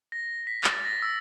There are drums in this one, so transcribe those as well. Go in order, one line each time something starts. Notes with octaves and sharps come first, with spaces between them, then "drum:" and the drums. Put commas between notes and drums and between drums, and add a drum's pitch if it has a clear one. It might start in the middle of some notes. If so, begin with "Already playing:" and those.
A#6
B6
A6, drum: clap
A#6
E6